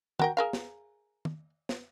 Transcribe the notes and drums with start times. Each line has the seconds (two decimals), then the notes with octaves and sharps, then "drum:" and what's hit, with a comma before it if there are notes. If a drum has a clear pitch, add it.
0.19 F#4 A#4 G5, drum: tom
0.37 G#4 A#4 F5
0.53 drum: snare
1.25 drum: tom
1.69 drum: snare